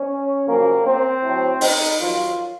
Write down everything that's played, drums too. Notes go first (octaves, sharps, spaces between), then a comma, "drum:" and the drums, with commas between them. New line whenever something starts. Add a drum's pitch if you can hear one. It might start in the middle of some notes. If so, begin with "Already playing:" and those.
Already playing: C#4
F2 C#3 F#3 A#3
C4
A2 F#3
D#4, drum: open hi-hat
F2 D#3 F#3 F4